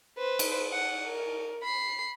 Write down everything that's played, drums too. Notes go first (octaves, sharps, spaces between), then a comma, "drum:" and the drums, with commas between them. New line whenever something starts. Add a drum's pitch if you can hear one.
B4 C5
drum: cymbal
F#5
A#4
B5 C7